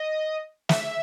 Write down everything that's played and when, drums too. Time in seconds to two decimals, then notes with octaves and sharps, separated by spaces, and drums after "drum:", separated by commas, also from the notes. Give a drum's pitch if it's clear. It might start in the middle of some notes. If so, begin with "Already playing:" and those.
Already playing: D#5
0.69 E5, drum: snare